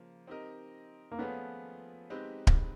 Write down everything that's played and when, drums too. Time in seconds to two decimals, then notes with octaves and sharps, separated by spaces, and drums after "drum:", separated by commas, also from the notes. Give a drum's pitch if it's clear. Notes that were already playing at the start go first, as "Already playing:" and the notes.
Already playing: C#3 F3 A#3
0.27 C4 D#4 G4 A#4 D#5
1.12 A#3
1.19 F3 A3 B3 C#4 F4 G#4
2.10 G#3 C4 D#4 G4 B4
2.47 drum: kick D1